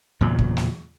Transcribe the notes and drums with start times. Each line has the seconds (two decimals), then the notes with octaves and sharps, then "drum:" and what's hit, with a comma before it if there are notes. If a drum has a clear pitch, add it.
0.21 E2 A#2 C#3 F#3
0.39 drum: kick
0.57 drum: snare